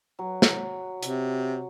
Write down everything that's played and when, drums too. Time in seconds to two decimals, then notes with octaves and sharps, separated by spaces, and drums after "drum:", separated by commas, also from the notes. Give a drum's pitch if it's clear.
0.19 F#3
0.42 drum: snare
1.03 C3, drum: hi-hat